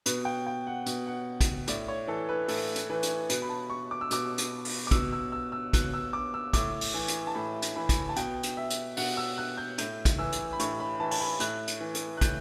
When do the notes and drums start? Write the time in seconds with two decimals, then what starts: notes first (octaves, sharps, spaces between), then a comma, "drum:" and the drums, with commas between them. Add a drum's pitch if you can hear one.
0.06 B2 B4, drum: hi-hat
0.25 G5
0.47 G5
0.67 F#5
0.86 B2, drum: hi-hat
1.07 F#5
1.41 drum: kick, hi-hat
1.67 A2 D5, drum: hi-hat
1.88 C#5
2.08 E3 A4
2.29 B4
2.48 A2 A4, drum: open hi-hat
2.76 drum: hi-hat
2.90 E3 B4
3.03 drum: hi-hat
3.29 B2 B4, drum: hi-hat
3.42 B5
3.49 A5
3.70 C#6
3.91 D6
4.01 E6
4.11 B2 D6, drum: hi-hat
4.38 drum: hi-hat
4.65 drum: open hi-hat
4.87 D6
4.91 B2 E6, drum: kick, hi-hat
5.13 E6
5.32 E6
5.52 E6
5.73 B2 F#6, drum: kick, hi-hat
5.94 E6
6.13 D6
6.34 E6
6.53 A2 D6, drum: kick, hi-hat
6.81 drum: open hi-hat
6.94 E3
7.08 drum: hi-hat
7.27 A5
7.35 A2 B5
7.62 drum: hi-hat
7.76 E3 B5
7.89 drum: kick, hi-hat
8.09 A5
8.16 B2 G5, drum: hi-hat
8.43 drum: hi-hat
8.57 E5
8.70 drum: hi-hat
8.97 B2 F#5, drum: open hi-hat
9.17 E6
9.38 F#6
9.57 G6
9.78 A2 G6, drum: hi-hat
10.05 drum: kick, hi-hat
10.19 E3 E6
10.32 drum: hi-hat
10.53 B5
10.60 A2 C#6, drum: hi-hat
10.80 B5
11.00 E3 A5
11.11 A5, drum: open hi-hat
11.20 B5
11.40 A2 F#6, drum: hi-hat
11.68 drum: hi-hat
11.81 E3
11.95 drum: hi-hat
12.17 F#6
12.21 A2 G6, drum: kick, hi-hat